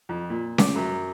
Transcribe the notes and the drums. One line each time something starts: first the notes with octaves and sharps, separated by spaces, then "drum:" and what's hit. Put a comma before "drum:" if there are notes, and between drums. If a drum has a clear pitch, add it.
F2
A#2
D6, drum: snare C#4
F#2